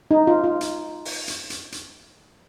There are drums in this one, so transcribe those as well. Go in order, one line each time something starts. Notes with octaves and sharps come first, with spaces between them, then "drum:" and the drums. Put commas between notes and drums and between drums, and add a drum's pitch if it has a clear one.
D#4
F4
F4
drum: hi-hat
drum: open hi-hat
drum: hi-hat
drum: hi-hat
drum: hi-hat